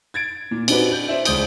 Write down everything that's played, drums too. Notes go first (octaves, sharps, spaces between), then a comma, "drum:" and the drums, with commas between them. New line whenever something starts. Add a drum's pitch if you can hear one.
G#6 A6 D7
A#2
C4 D4 D#4 F#4 G4 B4, drum: cymbal
G6
C5 D5 E5
C#2 C5 D#6 G6, drum: cymbal